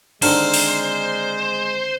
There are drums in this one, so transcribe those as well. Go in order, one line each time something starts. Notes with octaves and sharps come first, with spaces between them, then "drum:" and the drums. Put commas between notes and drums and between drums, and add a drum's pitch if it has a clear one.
D3 D#3 G#3 C4 C5 D5 A#5 F6, drum: cymbal
drum: open hi-hat